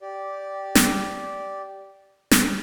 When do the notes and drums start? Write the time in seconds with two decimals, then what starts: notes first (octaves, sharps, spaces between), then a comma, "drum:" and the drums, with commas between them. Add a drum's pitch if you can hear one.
0.01 G4 D5
0.75 drum: snare
2.31 drum: snare